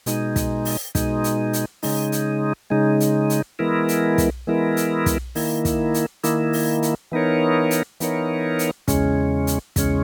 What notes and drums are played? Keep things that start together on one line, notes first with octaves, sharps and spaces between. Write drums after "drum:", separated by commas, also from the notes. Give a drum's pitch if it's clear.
B2 G#3 D#4, drum: hi-hat
drum: kick, hi-hat
drum: open hi-hat
B2 G#3 D#4, drum: kick, hi-hat
drum: hi-hat
drum: hi-hat
C#3 G#3 D#4, drum: open hi-hat
drum: hi-hat
C#3 G#3 D#4
drum: hi-hat
drum: hi-hat
E3 G#3 B3 E4 A#4
drum: hi-hat
drum: kick, hi-hat
E3 G#3 B3 E4 A#4
drum: hi-hat
drum: kick, hi-hat
D#3 A#3 E4, drum: open hi-hat
drum: kick, hi-hat
drum: hi-hat
D#3 A#3 E4, drum: hi-hat
drum: open hi-hat
drum: hi-hat
E3 B3 D#4 A#4 C#5
drum: hi-hat
E3 B3 D#4 A#4 C#5, drum: hi-hat
drum: hi-hat
E2 C#3 G#3 C#4, drum: kick, hi-hat
drum: hi-hat
E2 C#3 G#3 C#4, drum: kick, hi-hat